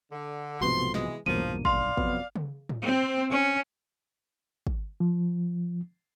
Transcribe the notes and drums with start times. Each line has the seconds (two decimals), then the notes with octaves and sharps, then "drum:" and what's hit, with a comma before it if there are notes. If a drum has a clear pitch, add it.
0.11 D3
0.61 B1 G#2 C3 F3 A3 B3 F#4 C6
0.94 E3 G#3, drum: snare
1.26 B1 E2 G2 A#2 F3 F#3 A#3 D#7
1.65 D5 F5 C6, drum: kick
1.97 F2 C3 F#3 B3, drum: kick
2.36 drum: tom C#3
2.69 drum: tom A2
2.82 C4
3.31 C#4
4.67 drum: kick
5.00 F3